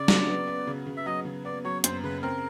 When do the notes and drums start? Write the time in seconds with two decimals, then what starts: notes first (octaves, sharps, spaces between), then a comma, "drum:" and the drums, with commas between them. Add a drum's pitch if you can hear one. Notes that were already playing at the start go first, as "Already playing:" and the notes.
Already playing: C#3 D5
0.08 F#3, drum: snare
0.28 B3
0.47 B3
0.67 C#3
0.87 C#3
0.97 E5
1.06 F#3 D#5
1.25 C#3
1.45 B3 D5
1.65 F#3 C#5
1.84 F#2 C5, drum: hi-hat
2.04 C#3 B4
2.22 C4 A#4